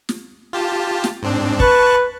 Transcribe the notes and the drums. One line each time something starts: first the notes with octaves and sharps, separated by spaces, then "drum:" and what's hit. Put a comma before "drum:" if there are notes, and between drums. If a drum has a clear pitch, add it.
drum: snare
F4 G4 A5
drum: snare
G#2 C4 D4
B4 A5 C#6 F#6, drum: kick